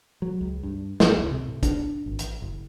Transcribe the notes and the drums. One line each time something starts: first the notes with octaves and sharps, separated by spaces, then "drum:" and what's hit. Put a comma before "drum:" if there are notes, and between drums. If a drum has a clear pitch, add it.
F#3
C#2
G2
G2, drum: snare
C#2
C3
A2
D4, drum: kick, hi-hat
G#1
A1, drum: hi-hat
F#1